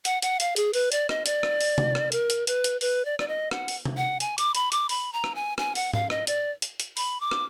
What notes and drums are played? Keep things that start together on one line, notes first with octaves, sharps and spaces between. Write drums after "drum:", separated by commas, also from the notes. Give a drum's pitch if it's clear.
F#5, drum: hi-hat
F#5, drum: hi-hat
F5, drum: hi-hat
G#4, drum: hi-hat
B4, drum: open hi-hat
D5, drum: hi-hat
D#5, drum: rim click
D5, drum: hi-hat
drum: rim click
drum: open hi-hat
drum: tom C3
drum: rim click
A#4, drum: hi-hat
drum: hi-hat
B4, drum: hi-hat
drum: hi-hat
B4, drum: open hi-hat
D5
D5, drum: rim click
D#5
F#5, drum: rim click
drum: open hi-hat
drum: tom C3
F#5
G#5, drum: hi-hat
D6, drum: hi-hat
B5, drum: hi-hat
D6, drum: hi-hat
B5, drum: open hi-hat
A#5
drum: rim click
G#5
G#5, drum: rim click
F#5, drum: open hi-hat
F5, drum: tom
D#5, drum: rim click
D5, drum: hi-hat
drum: hi-hat
drum: hi-hat
B5, drum: open hi-hat
D6
drum: rim click